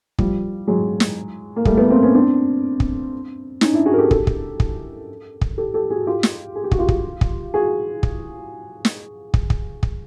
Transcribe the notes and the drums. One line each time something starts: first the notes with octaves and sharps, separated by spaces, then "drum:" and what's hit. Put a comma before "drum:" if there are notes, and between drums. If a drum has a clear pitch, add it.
F3 G3, drum: kick
F#3 G#3
drum: snare
A#3
G3 A3, drum: kick
A3 B3
A#3 C4
B3 C#4
C4 D4
drum: kick
C#4 D#4, drum: snare
D4 E4
F#4 G#4
A#4
G4 A4
G4 A4, drum: kick
drum: kick
drum: kick
drum: kick
G4 A4
G4 A4
F#4 G#4
F4 G4
drum: snare
G#4
G4
F#4, drum: kick
F4 G4
drum: kick
drum: kick
F#4 G#4
drum: kick
drum: snare
drum: kick
drum: kick
drum: kick